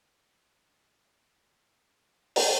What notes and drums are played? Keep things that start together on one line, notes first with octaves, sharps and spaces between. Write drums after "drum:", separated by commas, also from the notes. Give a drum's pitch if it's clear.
A#2 G#5
drum: open hi-hat